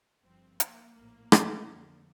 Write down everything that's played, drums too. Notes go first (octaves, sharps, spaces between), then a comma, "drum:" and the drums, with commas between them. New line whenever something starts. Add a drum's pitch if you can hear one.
G1 G2 F3 C4
A#3, drum: hi-hat
A#1 A2 F3 A#3
drum: rim click
F2 D3 F3